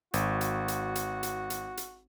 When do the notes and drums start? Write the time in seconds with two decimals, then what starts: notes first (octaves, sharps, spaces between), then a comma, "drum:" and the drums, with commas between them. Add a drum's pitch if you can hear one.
0.14 G#1 F#4, drum: hi-hat
0.41 drum: hi-hat
0.68 drum: hi-hat
0.95 drum: hi-hat
1.23 drum: hi-hat
1.50 drum: hi-hat
1.77 drum: hi-hat